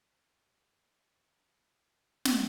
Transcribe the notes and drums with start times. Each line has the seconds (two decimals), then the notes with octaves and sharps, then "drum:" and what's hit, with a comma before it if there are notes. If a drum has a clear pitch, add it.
0.13 B3
0.67 F5
1.10 B2
1.91 F#3
2.25 drum: snare